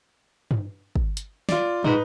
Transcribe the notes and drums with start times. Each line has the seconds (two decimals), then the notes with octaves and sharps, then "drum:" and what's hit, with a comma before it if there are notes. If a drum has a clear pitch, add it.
0.51 drum: tom G2
0.96 drum: kick
1.17 drum: hi-hat
1.49 F4 D5, drum: snare
1.84 G#2 D#4 B4, drum: tom